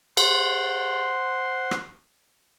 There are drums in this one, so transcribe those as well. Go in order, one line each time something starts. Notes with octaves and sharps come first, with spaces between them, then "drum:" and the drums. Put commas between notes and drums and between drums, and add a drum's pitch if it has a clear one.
C5 F#5 C6, drum: cymbal
drum: rim click